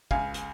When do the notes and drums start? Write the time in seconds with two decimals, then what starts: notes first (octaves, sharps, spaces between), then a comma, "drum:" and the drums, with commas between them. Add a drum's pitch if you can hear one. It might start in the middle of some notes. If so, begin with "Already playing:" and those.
0.11 C#2 F5 G#5, drum: kick
0.34 drum: hi-hat